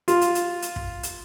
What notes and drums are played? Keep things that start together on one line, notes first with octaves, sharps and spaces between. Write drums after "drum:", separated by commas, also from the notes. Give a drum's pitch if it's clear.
F4, drum: hi-hat
drum: hi-hat
drum: hi-hat
drum: hi-hat
drum: kick
drum: hi-hat